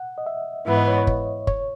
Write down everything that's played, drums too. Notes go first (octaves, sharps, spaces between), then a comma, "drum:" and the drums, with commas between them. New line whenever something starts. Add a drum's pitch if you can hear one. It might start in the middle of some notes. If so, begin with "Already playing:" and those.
Already playing: F#5
D#5
E5
G#2 E3 B3 E5
D#5
C#5
C#5
drum: kick
C#5, drum: kick